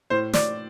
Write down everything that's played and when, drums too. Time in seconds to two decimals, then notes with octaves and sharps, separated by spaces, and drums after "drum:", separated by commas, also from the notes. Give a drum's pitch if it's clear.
0.10 A2 C5
0.33 A2 D5, drum: snare